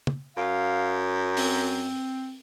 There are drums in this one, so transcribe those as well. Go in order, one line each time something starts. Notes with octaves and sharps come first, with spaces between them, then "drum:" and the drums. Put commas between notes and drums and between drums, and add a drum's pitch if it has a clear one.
drum: tom
F#2 F5
C4, drum: open hi-hat